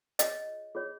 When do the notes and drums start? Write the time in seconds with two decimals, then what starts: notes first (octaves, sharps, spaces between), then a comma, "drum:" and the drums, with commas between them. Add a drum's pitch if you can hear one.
0.19 F4 G#4 C#5 D#5, drum: hi-hat
0.75 F4 G#4 C#5